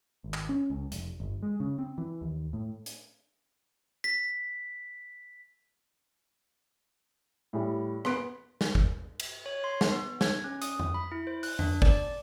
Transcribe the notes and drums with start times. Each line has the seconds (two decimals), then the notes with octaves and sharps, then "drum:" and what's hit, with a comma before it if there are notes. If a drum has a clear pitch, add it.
0.24 G#1
0.34 drum: clap
0.49 C#4
0.70 C#2
0.92 F1, drum: hi-hat
1.20 G1
1.43 G#3
1.60 C#3
1.78 C4
1.98 E3
2.21 D#2
2.53 A2
2.86 drum: hi-hat
4.04 B6
7.53 A2 G3
8.05 B3 C6 F#6 D7, drum: rim click
8.61 drum: snare
8.75 drum: kick G1
9.20 drum: cymbal
9.46 C#5
9.64 C6
9.81 drum: snare
9.92 B3
10.21 G#6, drum: snare
10.44 C#4
10.62 D#6, drum: hi-hat
10.79 drum: tom F2
10.94 B5
11.12 E4
11.27 C5
11.43 F#6, drum: open hi-hat
11.59 D4, drum: tom F2
11.82 D5, drum: kick G1